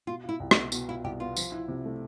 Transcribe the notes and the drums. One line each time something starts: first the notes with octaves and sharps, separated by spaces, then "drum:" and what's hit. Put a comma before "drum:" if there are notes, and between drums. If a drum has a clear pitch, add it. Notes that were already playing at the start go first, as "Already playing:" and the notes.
B2 F4
E4 F4
C2
D4, drum: rim click
B3
B2, drum: tambourine
E4 F4
C2 G4
B3 F4
F3, drum: tambourine
E4
C3
A3